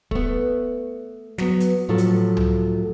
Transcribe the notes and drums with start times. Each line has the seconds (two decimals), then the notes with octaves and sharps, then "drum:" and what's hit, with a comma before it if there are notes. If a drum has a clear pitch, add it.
0.11 A3 B3, drum: kick
1.38 F#3 B3, drum: snare
1.60 drum: hi-hat
1.89 A2 F3 F#3 A3 F4 A4
1.98 drum: hi-hat
2.37 drum: tom C#2